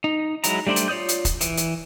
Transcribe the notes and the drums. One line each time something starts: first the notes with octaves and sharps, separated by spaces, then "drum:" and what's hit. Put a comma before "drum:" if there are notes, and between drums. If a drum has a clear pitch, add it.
D#4
F#3 G#3 E4 A#5, drum: hi-hat
G3 A3 D4 C5 D5
drum: hi-hat
F4 C#5 D5 D#6 G6
drum: hi-hat
drum: kick, hi-hat
E3, drum: hi-hat
drum: hi-hat